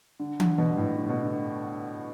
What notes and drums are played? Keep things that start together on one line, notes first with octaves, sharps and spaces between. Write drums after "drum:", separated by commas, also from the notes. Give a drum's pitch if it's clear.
D3
D3, drum: tom E3
B2
G2
A2
D3
B2
D3